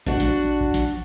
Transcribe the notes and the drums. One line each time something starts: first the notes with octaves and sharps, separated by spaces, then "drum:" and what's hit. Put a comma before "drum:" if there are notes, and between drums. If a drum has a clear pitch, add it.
D4 F#4, drum: kick A1
drum: snare
drum: kick A1
drum: snare